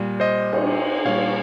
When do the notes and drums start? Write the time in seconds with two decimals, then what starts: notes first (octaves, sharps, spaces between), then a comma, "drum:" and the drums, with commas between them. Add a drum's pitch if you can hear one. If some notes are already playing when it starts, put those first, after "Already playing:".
Already playing: A#2 G3
0.20 C5 D#5
0.53 drum: cymbal
1.05 A#2 G3 C#5 F5